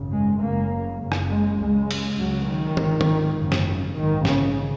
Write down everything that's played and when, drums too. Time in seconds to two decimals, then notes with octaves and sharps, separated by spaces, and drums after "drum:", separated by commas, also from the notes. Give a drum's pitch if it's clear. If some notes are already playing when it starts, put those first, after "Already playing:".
Already playing: G#1 F#2 C#3
0.11 G#3
0.41 F#1 F#2 C#3 A#3
1.00 F#1 F#2 C#3
1.12 drum: rim click
1.30 G#3
1.59 C#2 C#3 G#3
1.91 drum: cymbal
2.18 C#2 C#3 F#3
2.48 D#3
2.77 G#1 G#2, drum: tom D#3
3.01 drum: tom D#3
3.36 G#1 F#2 C#3
3.52 drum: snare
3.95 A#1 G#2 D#3
4.25 C#3, drum: snare